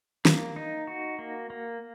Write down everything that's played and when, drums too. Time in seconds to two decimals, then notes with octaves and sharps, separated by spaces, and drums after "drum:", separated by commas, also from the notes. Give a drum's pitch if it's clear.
0.25 A#3, drum: snare
0.56 D#4
0.87 F#4
1.19 A#3
1.50 A#3